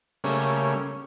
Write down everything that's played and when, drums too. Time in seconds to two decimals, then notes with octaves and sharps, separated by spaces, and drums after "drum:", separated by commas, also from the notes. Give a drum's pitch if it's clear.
0.24 C#3 G3 A3 A#3 C#4, drum: open hi-hat